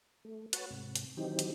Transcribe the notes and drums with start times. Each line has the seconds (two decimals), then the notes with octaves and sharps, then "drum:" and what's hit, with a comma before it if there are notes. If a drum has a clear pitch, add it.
0.25 A3
0.53 F#4 B4 C#5 F#5 A5, drum: hi-hat
0.70 G#2 C3
0.95 drum: hi-hat
1.17 D#3 E3 F#3 C4 D#4 G4
1.39 drum: hi-hat